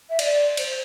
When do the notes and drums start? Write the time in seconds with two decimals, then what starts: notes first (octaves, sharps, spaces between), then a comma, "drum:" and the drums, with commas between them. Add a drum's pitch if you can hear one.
0.09 E5
0.19 D5, drum: cymbal
0.57 C5, drum: cymbal